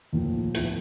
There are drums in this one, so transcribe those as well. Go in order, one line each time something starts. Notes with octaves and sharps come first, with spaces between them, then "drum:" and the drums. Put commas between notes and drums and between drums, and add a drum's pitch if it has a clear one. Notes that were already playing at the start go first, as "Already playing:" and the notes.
D#2 A#2 F3 A3
D2 A2 F3 A3 B3, drum: hi-hat